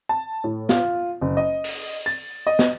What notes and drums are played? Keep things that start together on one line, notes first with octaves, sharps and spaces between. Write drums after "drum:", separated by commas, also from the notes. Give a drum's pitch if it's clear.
A5
A2
F4, drum: snare
F#1
D#5
drum: open hi-hat
A6
D#5
drum: snare